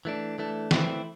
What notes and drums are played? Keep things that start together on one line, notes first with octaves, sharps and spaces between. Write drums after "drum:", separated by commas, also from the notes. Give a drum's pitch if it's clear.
E3 A3 D4
E3 A3 D4
E3 A3 C4 E4, drum: snare